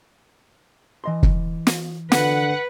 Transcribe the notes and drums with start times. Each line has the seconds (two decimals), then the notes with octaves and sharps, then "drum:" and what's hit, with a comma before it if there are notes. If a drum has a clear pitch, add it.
1.04 E3 D#5 C6
1.23 drum: kick
1.67 drum: snare
2.12 D3 B4 F#5, drum: snare